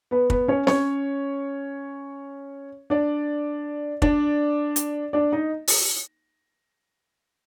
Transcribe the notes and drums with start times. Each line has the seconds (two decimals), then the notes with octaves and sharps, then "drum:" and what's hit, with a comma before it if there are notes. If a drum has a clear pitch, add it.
0.11 B3 B4
0.30 B3 B4, drum: kick
0.48 C#4 C#5
0.67 C#4 C#5, drum: snare C4
2.90 D4 D5
4.02 D4 D5, drum: kick
4.76 drum: hi-hat
5.13 D4 D5
5.32 D#4 D#5
5.67 drum: open hi-hat